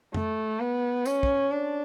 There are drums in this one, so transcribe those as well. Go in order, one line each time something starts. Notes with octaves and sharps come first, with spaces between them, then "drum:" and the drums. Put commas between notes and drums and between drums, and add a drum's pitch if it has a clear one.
A3, drum: tom F2
B3
C#4, drum: tambourine
drum: kick
D4